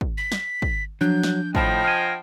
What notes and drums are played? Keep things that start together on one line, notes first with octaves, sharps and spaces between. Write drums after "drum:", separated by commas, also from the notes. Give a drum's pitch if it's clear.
drum: kick
B6
drum: snare
drum: kick
F3 F#3 D4 F#6 G6
drum: snare
A2 F3 D#5 F#5 G5 A5 B5 A#6, drum: kick
F5 G#5